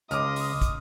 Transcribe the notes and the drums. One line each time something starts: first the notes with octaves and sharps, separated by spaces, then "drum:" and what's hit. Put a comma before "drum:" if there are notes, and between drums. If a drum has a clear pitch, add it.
C#2 D#5 A#5 C6 D6 D#6 F6, drum: hi-hat
drum: open hi-hat
drum: kick, hi-hat